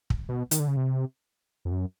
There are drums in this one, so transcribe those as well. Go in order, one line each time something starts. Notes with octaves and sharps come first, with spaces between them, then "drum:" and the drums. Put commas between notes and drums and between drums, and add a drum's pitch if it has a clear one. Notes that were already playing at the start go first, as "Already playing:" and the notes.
drum: kick
B2
D#3, drum: hi-hat
D3
C#3
C3
F2
F#2